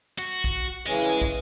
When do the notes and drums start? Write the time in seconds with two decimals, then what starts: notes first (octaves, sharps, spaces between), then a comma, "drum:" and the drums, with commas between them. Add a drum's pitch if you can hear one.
0.19 F#4
0.44 drum: kick
0.86 C#3 E3 C#4 D#5 G#5
1.22 drum: kick